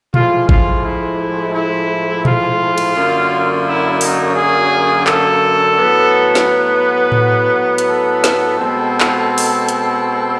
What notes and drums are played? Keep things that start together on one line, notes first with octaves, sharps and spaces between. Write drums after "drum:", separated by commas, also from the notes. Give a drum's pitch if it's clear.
A2 F3 G#3 F4, drum: tom A#2
F4, drum: kick G#1
E4
E4
F4, drum: tom A#2
drum: cymbal
F#2 D3 F#3 A#3
E4
D#4, drum: open hi-hat
G#4
A4, drum: clap
A2 F#3 B3
drum: snare
B4
drum: tom A2
drum: hi-hat
A4
drum: snare
B2 G#3 C4
drum: clap
drum: open hi-hat
drum: hi-hat